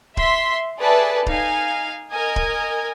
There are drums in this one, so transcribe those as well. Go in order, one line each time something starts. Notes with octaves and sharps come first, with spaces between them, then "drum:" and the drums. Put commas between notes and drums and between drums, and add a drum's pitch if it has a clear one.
E5 C6 B6, drum: kick D1
G#4 A4 B4 D5 E5 A5
D#4 F5 G#5, drum: kick D1
A#4 D#5 G#5 G#6
drum: kick D1